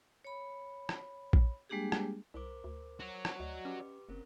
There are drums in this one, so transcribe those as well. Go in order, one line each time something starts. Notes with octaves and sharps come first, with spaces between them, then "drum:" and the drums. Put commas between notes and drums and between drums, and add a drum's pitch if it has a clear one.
C#5 B5
drum: rim click
drum: kick A#1
G3 G#3 A#3 D4 G4 G#4
drum: rim click
C2 A#4 C5 D6
D2
F#4 C#5
drum: rim click
D2 D5 D#5 F#5
C#4 G4 B4 D6
F#1 C4 C#4 A#4